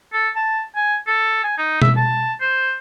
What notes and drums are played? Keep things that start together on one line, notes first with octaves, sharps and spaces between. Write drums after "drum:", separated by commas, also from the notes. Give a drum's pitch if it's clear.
A4
A5
G#5
A4
G#5
D#4
E5, drum: tom B2
A5
C5